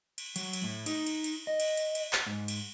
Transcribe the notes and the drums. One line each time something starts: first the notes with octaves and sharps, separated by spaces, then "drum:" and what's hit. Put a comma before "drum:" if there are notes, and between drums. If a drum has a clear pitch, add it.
drum: cymbal
F#3, drum: cymbal
drum: cymbal
A2
D#4, drum: cymbal
drum: cymbal
drum: cymbal
D#5
drum: cymbal
drum: cymbal
drum: cymbal
drum: clap
G#2
drum: cymbal